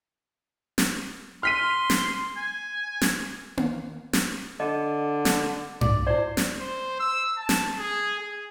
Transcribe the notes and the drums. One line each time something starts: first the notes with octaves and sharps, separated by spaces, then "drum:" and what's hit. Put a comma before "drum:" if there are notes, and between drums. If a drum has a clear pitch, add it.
drum: snare
C6 F6 B6 D#7
drum: snare
G#5
drum: snare
drum: tom A#3
drum: snare
D3 D#5
drum: snare
D5, drum: tom G2
E4 C5 D5
drum: snare
C5
E6
A5
drum: snare
G#4
G#4